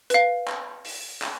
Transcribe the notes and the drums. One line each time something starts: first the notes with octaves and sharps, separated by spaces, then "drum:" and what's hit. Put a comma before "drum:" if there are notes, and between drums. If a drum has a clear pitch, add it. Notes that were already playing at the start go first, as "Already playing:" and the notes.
B4 F5, drum: hi-hat
drum: clap
drum: open hi-hat
drum: clap